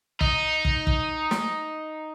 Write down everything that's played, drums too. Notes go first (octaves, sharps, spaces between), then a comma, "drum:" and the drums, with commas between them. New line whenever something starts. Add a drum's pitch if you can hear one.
D#4, drum: kick
drum: kick
drum: kick
drum: snare